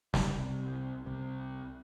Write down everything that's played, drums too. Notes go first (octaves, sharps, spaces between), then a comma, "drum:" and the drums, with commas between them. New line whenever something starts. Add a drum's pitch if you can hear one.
G3, drum: snare
C2 C3
C2 C3